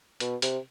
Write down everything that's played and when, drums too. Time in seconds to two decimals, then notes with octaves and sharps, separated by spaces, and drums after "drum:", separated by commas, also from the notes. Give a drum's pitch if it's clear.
0.20 B2, drum: hi-hat
0.42 C3, drum: hi-hat